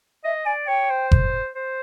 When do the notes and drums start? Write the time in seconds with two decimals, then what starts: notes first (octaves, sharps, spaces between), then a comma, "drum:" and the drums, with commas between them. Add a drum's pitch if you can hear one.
0.24 D#5 E5
0.45 D5 G#5
0.67 C#5 G5
0.90 C5
1.12 drum: kick F#1
1.55 C5